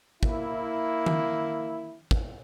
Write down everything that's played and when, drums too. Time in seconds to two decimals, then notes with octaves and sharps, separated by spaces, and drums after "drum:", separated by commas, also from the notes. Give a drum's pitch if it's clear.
0.23 A#3 E4, drum: kick
1.06 drum: tom D#3
2.11 drum: kick